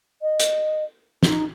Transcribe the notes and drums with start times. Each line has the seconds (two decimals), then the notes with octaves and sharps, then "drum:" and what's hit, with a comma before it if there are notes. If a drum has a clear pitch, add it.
0.22 D#5
0.40 drum: hi-hat
1.23 D#4, drum: snare